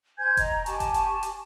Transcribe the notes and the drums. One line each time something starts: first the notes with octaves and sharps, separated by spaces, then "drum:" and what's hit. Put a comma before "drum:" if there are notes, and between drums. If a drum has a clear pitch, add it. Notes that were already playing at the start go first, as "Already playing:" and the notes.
C5 G#5 G6 G#6
D#5 A#5, drum: kick F1, hi-hat
G4 G#5 A5 C#6, drum: hi-hat
drum: kick F1, hi-hat
drum: hi-hat
drum: hi-hat